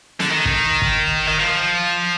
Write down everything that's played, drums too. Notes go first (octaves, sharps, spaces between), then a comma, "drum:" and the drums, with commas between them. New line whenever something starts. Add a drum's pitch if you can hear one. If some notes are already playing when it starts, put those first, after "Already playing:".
D3, drum: snare
D#3
drum: kick
drum: kick
D#3
F3